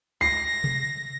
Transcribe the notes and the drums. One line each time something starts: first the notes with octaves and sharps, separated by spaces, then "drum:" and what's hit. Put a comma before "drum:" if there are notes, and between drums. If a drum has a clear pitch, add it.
A#6 C7
drum: tom C3